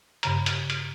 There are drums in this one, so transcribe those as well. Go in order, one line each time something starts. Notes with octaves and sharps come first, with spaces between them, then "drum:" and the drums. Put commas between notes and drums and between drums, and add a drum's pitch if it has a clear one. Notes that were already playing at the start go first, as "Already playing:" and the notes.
G2 C#3 A#5, drum: hi-hat
drum: hi-hat
drum: hi-hat